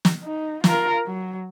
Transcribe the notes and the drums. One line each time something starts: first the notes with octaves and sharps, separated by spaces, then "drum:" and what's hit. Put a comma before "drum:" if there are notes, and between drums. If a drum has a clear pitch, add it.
drum: snare
D#4
F4 A#4, drum: snare
F#3